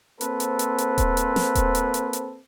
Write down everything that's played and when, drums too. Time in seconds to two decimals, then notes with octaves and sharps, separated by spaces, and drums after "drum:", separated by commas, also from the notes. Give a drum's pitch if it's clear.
0.21 A#3 C4 A4 B4 C5, drum: hi-hat
0.40 drum: hi-hat
0.59 drum: hi-hat
0.78 drum: hi-hat
0.98 drum: kick D#1, hi-hat
1.17 drum: hi-hat
1.36 drum: snare
1.55 drum: kick D#1, hi-hat
1.75 drum: hi-hat
1.94 drum: hi-hat
2.13 drum: hi-hat